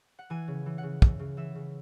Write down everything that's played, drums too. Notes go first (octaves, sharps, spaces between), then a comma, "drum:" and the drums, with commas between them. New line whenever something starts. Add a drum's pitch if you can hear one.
F#5
E3 G#5
C#3
E3
F#5
C#3
E3, drum: kick
C#3
E3 E5
C#3